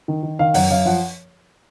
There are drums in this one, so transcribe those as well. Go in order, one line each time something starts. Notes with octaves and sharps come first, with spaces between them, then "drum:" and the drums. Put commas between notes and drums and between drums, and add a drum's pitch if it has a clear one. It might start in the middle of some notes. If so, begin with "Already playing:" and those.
D#3
D#3
D#3 F5
F#2 F#5, drum: open hi-hat
F#2 F5
F3 F#5